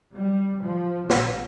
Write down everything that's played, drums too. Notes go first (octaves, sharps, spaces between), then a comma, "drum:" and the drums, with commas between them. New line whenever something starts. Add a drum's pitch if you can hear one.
G3
F3
A#1, drum: snare